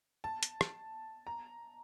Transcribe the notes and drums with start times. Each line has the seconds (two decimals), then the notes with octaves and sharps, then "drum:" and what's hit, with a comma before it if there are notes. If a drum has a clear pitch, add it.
0.24 A5
0.43 drum: hi-hat
0.61 drum: rim click
1.27 A#5